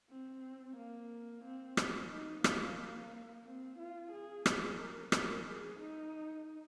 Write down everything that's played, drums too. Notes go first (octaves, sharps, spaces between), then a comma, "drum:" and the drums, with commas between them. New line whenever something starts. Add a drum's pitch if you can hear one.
C4
A#3
C4
drum: rim click
D#4
A#3, drum: rim click
C4
F4
G#4
G#4, drum: rim click
A#4
A#4, drum: rim click
G#4
D#4